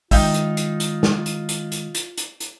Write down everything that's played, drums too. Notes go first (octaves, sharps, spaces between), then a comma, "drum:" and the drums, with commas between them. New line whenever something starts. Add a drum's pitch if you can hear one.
D#3 G#3 D#4 F4 E5 F5 G5, drum: kick, open hi-hat
drum: hi-hat
drum: hi-hat
drum: hi-hat
drum: snare
drum: hi-hat
drum: hi-hat
drum: hi-hat
drum: hi-hat
drum: hi-hat
drum: hi-hat